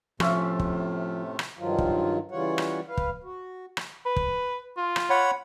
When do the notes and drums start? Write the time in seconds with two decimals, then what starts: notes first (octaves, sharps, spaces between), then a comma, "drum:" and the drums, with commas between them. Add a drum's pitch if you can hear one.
0.20 A2 C3 F3 A3 C#4 F4 E5, drum: rim click
0.60 drum: kick
1.39 drum: rim click
1.59 G2 D#3 F3 F#3 F4
1.79 drum: kick
2.31 C#3 E3 G3 F4 C#5 F#5
2.58 drum: rim click
2.88 B4 F5
2.97 drum: kick
3.24 F#4
3.77 drum: rim click
4.06 B4
4.16 drum: kick
4.77 F4
4.96 drum: rim click
5.10 C#5 F#5 B5